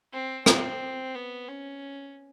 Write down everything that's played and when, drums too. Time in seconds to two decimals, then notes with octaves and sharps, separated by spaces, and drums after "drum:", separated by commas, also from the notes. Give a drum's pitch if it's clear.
0.13 C4
0.46 C4, drum: rim click
1.15 B3
1.49 C#4